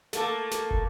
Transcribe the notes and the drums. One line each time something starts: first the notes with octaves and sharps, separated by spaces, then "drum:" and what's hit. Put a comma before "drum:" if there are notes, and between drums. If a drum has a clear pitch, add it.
A3 A#3 A4, drum: snare
drum: snare
drum: kick